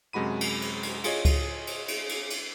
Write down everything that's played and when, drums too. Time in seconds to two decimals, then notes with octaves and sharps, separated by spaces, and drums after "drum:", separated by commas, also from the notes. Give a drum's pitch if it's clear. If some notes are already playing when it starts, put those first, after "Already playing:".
0.13 F#2 C3 G#3 F#4 B5 D#7
0.41 drum: cymbal
0.62 drum: cymbal
0.83 drum: cymbal
1.04 F4 G#4 C#5 D#5, drum: cymbal
1.25 drum: kick C#2, cymbal
1.67 drum: cymbal
1.88 drum: cymbal
2.09 drum: cymbal
2.30 drum: cymbal